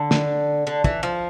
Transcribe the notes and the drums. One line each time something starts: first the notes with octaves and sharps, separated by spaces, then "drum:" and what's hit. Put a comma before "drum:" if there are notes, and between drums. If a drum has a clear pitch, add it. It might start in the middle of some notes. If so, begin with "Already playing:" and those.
Already playing: D3
drum: snare
D3
E3, drum: kick
F3